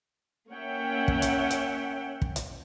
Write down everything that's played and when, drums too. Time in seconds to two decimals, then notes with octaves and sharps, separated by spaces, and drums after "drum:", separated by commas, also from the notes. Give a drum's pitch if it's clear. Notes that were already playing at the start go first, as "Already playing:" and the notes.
0.51 A#3 C#4 C#5 E5 F#5 G5
1.08 drum: kick
1.22 drum: hi-hat
1.50 drum: hi-hat
2.22 drum: kick
2.36 drum: hi-hat